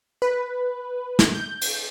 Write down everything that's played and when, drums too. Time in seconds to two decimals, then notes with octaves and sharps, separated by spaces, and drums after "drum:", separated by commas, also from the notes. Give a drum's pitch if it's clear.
0.22 B4
1.19 drum: snare
1.35 G6
1.61 drum: cymbal